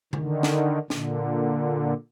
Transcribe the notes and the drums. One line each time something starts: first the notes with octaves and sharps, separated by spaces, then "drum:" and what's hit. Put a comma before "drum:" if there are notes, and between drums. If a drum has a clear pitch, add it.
D3 D#3, drum: tom C#3
drum: snare
A#2 D3, drum: snare